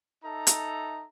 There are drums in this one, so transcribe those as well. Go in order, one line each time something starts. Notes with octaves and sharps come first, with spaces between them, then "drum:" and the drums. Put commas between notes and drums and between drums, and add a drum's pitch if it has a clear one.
D#4 A4 E5 A#5
drum: hi-hat